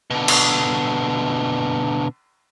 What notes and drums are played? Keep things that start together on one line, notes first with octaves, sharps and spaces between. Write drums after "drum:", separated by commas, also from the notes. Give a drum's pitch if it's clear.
B2 D3
drum: cymbal